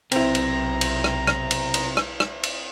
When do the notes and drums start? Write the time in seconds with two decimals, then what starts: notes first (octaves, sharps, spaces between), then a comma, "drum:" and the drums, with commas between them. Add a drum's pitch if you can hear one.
0.12 B1 C3 C4 E4 A#5, drum: cymbal
0.35 drum: cymbal
0.81 drum: cymbal
1.04 drum: rim click
1.27 drum: rim click
1.51 drum: cymbal
1.74 drum: cymbal
1.97 drum: rim click
2.20 drum: rim click
2.43 drum: cymbal